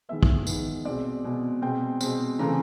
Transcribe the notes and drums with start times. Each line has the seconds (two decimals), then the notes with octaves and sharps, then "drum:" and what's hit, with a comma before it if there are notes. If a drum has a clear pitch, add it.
0.09 D#3 G#3 B3 E5
0.23 drum: kick
0.47 D#3 G#3 B3, drum: tambourine
0.85 B2 G#3 C4 D5
1.24 B2 G#3 C4
1.62 B2 G#3 C4 G5
2.01 B2 G#3 C4, drum: tambourine
2.39 C#3 E3 A3 C4 A#5